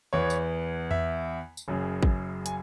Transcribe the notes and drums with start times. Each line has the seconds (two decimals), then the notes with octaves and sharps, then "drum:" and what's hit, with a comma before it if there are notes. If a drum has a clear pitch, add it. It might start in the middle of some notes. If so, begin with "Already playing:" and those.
0.13 E2 E3 B3 C#5
0.30 drum: tambourine
0.91 E5, drum: tom E2
1.57 drum: tambourine
1.68 F#1 F#2 C#3
2.03 drum: kick
2.46 G#5, drum: hi-hat